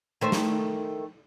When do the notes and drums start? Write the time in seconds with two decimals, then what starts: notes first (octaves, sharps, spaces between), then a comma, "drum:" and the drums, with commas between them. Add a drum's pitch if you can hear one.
0.21 D#3 A3 C5
0.32 drum: snare